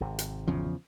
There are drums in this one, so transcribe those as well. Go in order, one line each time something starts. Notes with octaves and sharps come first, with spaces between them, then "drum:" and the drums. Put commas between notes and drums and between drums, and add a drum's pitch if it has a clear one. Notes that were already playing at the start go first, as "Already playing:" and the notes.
G#1 C3
drum: hi-hat
E2 C#3 F3